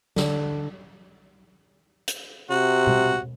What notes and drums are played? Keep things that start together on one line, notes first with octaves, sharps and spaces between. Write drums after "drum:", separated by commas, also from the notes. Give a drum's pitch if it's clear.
D3, drum: snare
drum: hi-hat
C3 F#4
drum: tom B2